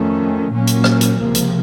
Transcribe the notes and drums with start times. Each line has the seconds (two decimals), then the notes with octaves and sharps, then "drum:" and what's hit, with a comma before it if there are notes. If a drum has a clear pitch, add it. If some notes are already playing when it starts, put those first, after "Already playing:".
Already playing: F2 D#3 A3 C#4
0.50 A#2 F#3 A#3 C#4
0.67 drum: hi-hat
0.84 drum: rim click
1.01 drum: hi-hat
1.18 C#2 C3 F3 A#3
1.35 drum: hi-hat